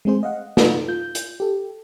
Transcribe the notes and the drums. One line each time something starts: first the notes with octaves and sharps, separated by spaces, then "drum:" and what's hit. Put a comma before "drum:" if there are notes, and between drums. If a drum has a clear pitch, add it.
G#3 A3 C4 G#4 C5
D#5 F5 F#5
D#4 F4 A4 D5, drum: snare
F4 G6
drum: hi-hat
G4 A4